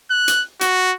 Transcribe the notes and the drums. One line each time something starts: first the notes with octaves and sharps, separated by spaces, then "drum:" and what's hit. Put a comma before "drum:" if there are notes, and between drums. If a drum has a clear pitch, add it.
F#6
drum: hi-hat
F#4, drum: hi-hat